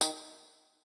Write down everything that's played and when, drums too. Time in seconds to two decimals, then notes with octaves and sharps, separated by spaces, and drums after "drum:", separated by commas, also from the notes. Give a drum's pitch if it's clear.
0.01 D#3, drum: tambourine